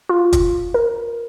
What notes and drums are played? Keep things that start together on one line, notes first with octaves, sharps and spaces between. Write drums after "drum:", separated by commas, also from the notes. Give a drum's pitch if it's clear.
F4
drum: kick, hi-hat
A#4